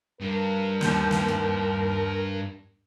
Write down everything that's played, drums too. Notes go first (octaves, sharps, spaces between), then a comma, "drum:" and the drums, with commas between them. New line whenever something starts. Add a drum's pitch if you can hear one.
G2 A#4
D#2 G6, drum: snare
drum: snare
drum: tom